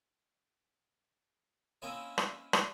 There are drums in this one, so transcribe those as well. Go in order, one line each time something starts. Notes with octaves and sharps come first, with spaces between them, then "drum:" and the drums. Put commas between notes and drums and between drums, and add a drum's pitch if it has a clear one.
A#3 C4 C#4 E4 C#5 D#5
drum: rim click
drum: rim click